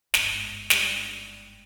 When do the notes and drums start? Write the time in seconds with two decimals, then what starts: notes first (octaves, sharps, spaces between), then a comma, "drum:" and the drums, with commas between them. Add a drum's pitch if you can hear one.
0.14 G1 G#2 A5, drum: snare
0.70 G3 D4, drum: snare